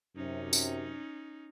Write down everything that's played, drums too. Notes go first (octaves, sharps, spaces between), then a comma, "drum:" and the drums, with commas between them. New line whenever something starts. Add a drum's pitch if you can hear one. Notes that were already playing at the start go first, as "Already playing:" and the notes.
F#2 C3 C#4 D#4
drum: tambourine